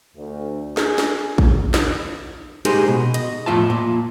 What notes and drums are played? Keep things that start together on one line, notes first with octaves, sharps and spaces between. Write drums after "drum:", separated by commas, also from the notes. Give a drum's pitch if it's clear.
D2
G#4, drum: snare
drum: snare
drum: kick
drum: snare
G#3 D#4 G4 G#4 A#4 C5, drum: hi-hat
B2
D#5, drum: hi-hat
F2 A2 F4 E5 A5
A#2